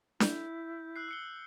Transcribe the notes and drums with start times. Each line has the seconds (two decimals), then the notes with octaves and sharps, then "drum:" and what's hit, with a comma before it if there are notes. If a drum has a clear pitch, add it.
0.20 E4 G6, drum: snare D4
0.96 E6 F#6 C7
1.08 E6 C#7 G7